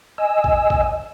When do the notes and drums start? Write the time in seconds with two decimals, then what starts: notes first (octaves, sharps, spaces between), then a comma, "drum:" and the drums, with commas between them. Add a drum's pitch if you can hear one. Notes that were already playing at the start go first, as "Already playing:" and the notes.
0.18 D#5 G#5 E6
0.44 drum: kick
0.70 drum: kick